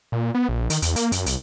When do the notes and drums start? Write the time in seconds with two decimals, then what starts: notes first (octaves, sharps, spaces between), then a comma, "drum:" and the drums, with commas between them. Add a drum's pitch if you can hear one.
0.12 A#2
0.35 B3
0.49 A#1
0.70 D#3, drum: hi-hat
0.82 E2, drum: hi-hat
0.96 A#3, drum: hi-hat
1.12 F#2, drum: hi-hat
1.26 C2, drum: hi-hat